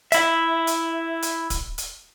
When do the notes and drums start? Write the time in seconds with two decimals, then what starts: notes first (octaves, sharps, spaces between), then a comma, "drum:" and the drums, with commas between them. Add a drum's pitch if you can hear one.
0.12 E4 E5, drum: hi-hat
0.67 drum: hi-hat
1.23 drum: hi-hat
1.50 drum: kick, hi-hat
1.78 drum: hi-hat